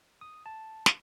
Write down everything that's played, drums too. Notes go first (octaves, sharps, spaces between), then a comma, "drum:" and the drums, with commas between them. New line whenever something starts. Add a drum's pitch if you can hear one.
D#6
A5
drum: snare